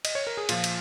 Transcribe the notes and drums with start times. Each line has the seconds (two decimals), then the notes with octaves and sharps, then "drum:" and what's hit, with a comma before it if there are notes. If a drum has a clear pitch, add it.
0.05 D#5, drum: cymbal
0.15 C#5
0.27 A#4
0.37 G#4
0.49 A#2 F3 F4, drum: cymbal
0.64 drum: cymbal